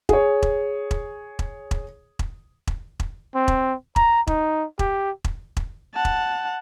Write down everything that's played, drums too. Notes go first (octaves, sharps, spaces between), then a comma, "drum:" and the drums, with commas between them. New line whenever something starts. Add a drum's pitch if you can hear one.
G#4 C#5, drum: kick E1
drum: kick E1
drum: kick E1
drum: kick E1
drum: kick E1
drum: kick E1
drum: kick E1
drum: kick E1
C4
drum: kick E1
A#5, drum: kick E1
D#4, drum: kick E1
G4, drum: kick E1
drum: kick E1
drum: kick E1
F#5 A5
drum: kick E1